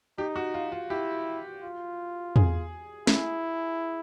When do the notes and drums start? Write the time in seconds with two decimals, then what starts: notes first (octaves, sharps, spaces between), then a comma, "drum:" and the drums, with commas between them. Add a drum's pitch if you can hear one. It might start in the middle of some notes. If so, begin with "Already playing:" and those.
0.18 D#4 G4
0.36 F#4
0.54 F4
0.72 F4
0.90 E4 G4
1.62 F4
2.36 G#4, drum: tom
3.07 E4, drum: snare